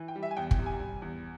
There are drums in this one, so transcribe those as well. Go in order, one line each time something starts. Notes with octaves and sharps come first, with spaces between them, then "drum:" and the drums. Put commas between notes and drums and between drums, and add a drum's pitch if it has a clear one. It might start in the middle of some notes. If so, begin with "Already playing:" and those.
Already playing: E3
G5
G3
E5
G#5
E2 G5
G5, drum: kick
C3
G#5
G3
E2